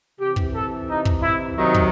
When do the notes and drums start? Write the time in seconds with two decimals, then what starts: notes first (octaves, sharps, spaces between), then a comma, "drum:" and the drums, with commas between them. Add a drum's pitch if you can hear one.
0.19 C3 E3 G4
0.36 drum: kick
0.54 A4
0.88 D#4
1.05 drum: kick
1.22 E4
1.57 C3 D#3 F#3 D#4
1.74 drum: kick